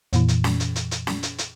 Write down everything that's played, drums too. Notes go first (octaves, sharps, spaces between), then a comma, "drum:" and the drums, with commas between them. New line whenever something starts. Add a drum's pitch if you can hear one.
F2 A#2 E3, drum: hi-hat
drum: hi-hat
drum: snare
drum: hi-hat
drum: hi-hat
drum: hi-hat
drum: snare
drum: hi-hat
drum: hi-hat